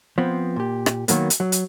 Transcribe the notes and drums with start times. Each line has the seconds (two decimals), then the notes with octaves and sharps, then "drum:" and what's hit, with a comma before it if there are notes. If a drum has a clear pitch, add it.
0.18 F3 B3 C4
0.56 A#2 G4
0.86 drum: rim click
1.08 D#3 F#3 A#3 B3, drum: hi-hat
1.30 drum: hi-hat
1.40 F#3
1.52 drum: hi-hat